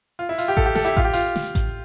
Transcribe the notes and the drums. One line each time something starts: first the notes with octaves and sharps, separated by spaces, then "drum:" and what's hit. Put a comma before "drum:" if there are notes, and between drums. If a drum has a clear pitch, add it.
F4
E4
F4, drum: open hi-hat
G4
A4, drum: kick A1
G4
A4, drum: snare
E4 G4
F4, drum: kick A1
G4
F4, drum: open hi-hat
drum: snare
drum: kick A1, hi-hat